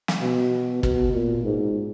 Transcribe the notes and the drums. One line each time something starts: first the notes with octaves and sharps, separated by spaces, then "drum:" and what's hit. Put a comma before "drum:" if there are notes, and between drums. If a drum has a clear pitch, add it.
drum: snare
B2
B2, drum: kick
A#2
G#2